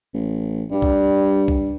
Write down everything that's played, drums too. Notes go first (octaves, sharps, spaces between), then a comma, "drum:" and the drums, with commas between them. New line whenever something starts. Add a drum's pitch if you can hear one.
A1
G2 G3
drum: kick B1
drum: kick B1